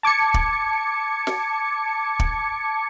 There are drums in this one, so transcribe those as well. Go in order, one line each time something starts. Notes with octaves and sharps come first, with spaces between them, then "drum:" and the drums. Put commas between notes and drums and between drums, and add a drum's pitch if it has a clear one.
A5 D6 G#6 C#7
drum: kick
drum: snare
drum: kick